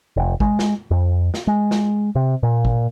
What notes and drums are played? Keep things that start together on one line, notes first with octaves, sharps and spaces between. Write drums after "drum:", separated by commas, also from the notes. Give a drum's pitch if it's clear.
F1
G#3, drum: kick
drum: snare
F2
drum: snare
G#3
drum: snare
C3
A#2
drum: kick